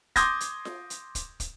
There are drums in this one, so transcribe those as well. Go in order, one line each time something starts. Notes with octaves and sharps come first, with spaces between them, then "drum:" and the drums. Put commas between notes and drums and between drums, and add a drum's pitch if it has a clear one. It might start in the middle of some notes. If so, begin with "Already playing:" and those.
C6 D6 D#6 G6 G#6 A#6, drum: kick, hi-hat
drum: hi-hat
drum: snare F4
drum: hi-hat
drum: kick, hi-hat
drum: kick, hi-hat